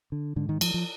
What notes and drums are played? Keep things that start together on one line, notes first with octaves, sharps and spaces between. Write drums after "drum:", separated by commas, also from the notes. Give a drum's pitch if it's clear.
D3
G#2 D3
D#3
F3, drum: cymbal
F3